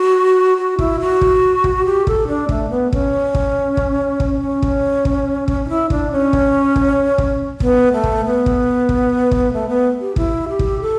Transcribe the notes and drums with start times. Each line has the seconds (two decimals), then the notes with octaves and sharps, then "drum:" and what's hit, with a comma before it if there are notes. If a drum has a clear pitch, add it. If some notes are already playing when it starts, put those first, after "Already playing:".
Already playing: F#4
0.57 F#4
0.79 E4, drum: kick
1.00 F#4
1.21 drum: kick
1.64 drum: kick
1.86 G4
2.07 A4, drum: kick
2.28 D4
2.49 A3, drum: kick
2.70 B3
2.93 C#4, drum: kick
3.35 drum: kick
3.77 drum: kick
4.20 drum: kick
4.41 C#4
4.62 drum: kick
5.05 drum: kick
5.48 drum: kick
5.65 D4
5.69 E4
5.90 D4, drum: kick
6.12 C#4
6.33 drum: kick
6.76 drum: kick
7.18 drum: kick
7.60 B3, drum: kick
7.93 A3
8.04 drum: kick
8.25 B3
8.46 drum: kick
8.89 drum: kick
9.31 drum: kick
9.53 A3
9.69 B3
10.01 G4
10.16 E4, drum: kick
10.49 G4
10.59 drum: kick
10.81 A4